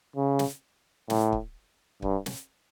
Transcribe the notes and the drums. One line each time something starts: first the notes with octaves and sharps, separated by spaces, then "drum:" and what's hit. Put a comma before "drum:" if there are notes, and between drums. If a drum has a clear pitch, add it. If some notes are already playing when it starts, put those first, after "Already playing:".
C#3
drum: snare
A2, drum: snare
drum: kick
G2, drum: kick
drum: snare